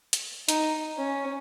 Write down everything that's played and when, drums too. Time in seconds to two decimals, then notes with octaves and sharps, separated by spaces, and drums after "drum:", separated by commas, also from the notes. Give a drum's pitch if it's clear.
0.13 drum: hi-hat
0.49 D#4, drum: hi-hat
0.97 C#4